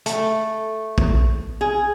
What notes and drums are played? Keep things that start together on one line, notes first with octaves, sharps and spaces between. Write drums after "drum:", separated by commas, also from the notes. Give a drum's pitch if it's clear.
A3, drum: hi-hat
drum: kick A#1
G#4